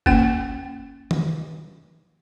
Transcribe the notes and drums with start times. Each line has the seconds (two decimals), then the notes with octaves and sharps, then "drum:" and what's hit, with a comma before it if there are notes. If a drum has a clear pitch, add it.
0.06 A#3 C#4 G5, drum: kick
1.11 drum: tom